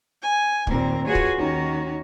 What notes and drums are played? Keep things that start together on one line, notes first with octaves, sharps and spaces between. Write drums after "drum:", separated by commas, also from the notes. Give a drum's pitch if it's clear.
G#5
D#2 A#2 C4 A#4, drum: kick
F4 F#4 G#4 B4 C#5 G#5
drum: kick
D#2 D#3 C#4 D#4 F#4 C#5